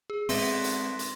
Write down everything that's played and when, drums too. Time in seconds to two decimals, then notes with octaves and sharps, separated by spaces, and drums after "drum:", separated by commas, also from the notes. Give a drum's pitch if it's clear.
0.10 G#4
0.29 G#3 A3 B3 C4 D4 C6 A#6 D#7, drum: open hi-hat
0.64 drum: hi-hat
0.99 drum: hi-hat